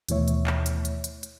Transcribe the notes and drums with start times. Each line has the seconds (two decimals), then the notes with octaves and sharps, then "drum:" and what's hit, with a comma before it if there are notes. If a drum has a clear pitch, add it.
0.09 D#2 B2 E3 A3 C#5 E5, drum: hi-hat
0.28 drum: hi-hat
0.47 drum: clap
0.66 drum: hi-hat
0.85 drum: hi-hat
1.04 drum: hi-hat
1.23 drum: hi-hat